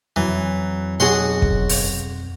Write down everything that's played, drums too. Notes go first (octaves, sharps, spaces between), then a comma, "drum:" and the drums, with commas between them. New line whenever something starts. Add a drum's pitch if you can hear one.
F2 E3 F#3
B1 F#4 G#4 F#5 C6
drum: kick
drum: open hi-hat